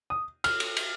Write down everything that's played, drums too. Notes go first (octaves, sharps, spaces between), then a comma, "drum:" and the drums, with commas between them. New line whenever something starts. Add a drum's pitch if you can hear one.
D#6
F6, drum: cymbal
drum: cymbal
drum: cymbal